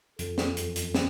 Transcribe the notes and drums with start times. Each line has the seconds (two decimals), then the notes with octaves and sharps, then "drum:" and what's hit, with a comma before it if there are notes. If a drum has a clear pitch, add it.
0.19 F2 A4, drum: hi-hat
0.38 drum: snare
0.57 drum: hi-hat
0.76 drum: hi-hat
0.94 drum: snare